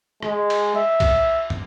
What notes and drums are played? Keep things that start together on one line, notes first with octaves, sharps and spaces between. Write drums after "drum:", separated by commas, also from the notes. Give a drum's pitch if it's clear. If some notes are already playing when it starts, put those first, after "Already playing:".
G#3, drum: rim click
drum: cymbal
E5
drum: kick, cymbal
drum: tom